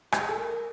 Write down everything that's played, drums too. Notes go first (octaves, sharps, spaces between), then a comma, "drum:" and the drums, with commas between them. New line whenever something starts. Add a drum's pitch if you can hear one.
G4, drum: rim click
G#4
A4
A#4